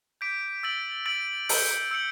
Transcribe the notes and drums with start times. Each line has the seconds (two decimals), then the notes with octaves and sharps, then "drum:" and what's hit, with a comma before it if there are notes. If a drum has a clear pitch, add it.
0.21 D6 G6 B6 D7
0.63 E6 A6 D7 F#7
1.06 E6 A6 D7 F#7
1.49 E6 G6 C#7 F#7, drum: open hi-hat
1.91 E6 G6 C#7 F#7